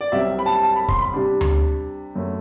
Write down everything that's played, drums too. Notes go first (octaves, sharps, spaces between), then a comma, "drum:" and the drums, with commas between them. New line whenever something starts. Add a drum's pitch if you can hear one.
D5
C2 C3 F#3 C4 E5
B5
A5
A5
B5
C6, drum: kick
B5
C3 G3 D4
drum: tom D2
F#2 F#3 A3